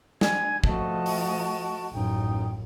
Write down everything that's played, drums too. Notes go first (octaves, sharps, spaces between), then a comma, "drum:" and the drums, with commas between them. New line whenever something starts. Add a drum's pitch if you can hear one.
G#5 G#6, drum: snare
F3 A3 F#4 D#5 A5, drum: kick
drum: open hi-hat
A1 F#2 D#4 G5